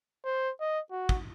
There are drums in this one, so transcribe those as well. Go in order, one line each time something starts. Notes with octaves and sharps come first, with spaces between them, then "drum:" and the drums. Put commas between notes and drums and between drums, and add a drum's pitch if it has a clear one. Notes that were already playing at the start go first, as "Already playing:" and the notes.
C5
D#5
F#4
drum: kick